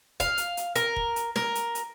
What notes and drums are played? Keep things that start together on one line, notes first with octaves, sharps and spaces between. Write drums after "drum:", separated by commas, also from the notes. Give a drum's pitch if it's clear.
F5, drum: kick, hi-hat
drum: hi-hat
drum: hi-hat
A#4, drum: hi-hat
drum: kick
drum: hi-hat
A#4, drum: snare
drum: hi-hat
drum: hi-hat